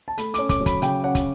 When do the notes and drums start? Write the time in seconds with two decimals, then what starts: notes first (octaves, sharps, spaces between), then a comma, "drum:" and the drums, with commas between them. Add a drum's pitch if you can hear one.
0.08 A5
0.18 A3 B5, drum: hi-hat
0.34 C#4 D6, drum: hi-hat
0.49 D6, drum: kick, hi-hat
0.60 F#3
0.66 B5, drum: kick, hi-hat
0.82 C#3 G5, drum: hi-hat
1.04 C#4 F#5
1.15 drum: kick, hi-hat